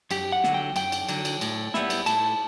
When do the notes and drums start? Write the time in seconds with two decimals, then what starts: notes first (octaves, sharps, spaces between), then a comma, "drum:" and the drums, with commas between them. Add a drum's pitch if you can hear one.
0.11 F#2 G4, drum: cymbal
0.32 F#5
0.44 D3 F#3, drum: snare
0.54 G5
0.76 F#2 G5, drum: cymbal
0.92 drum: cymbal
1.09 D3 F#3, drum: cymbal
1.25 drum: cymbal
1.41 A2, drum: cymbal
1.74 G3 B3 E4, drum: snare
1.90 drum: cymbal
2.06 A2 A5, drum: cymbal